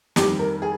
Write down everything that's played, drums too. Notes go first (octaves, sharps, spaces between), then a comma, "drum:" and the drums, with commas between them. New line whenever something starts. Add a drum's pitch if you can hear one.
F2 D#3 G3 G4, drum: snare
A#4
G#4